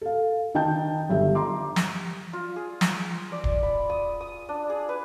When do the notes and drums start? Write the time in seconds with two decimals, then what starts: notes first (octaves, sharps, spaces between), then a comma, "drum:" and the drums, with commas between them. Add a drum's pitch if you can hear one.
0.01 A4 F5
0.55 D#3 D#5 G5 A5 G6
1.10 G1 G4 E5
1.35 A#5 C6 D6
1.76 drum: snare
2.33 F4
2.56 G#4
2.81 drum: snare
3.32 D5
3.44 drum: kick D1
3.63 B5
3.90 D#6
4.21 D#6
4.49 D4
4.70 G#4
4.89 B4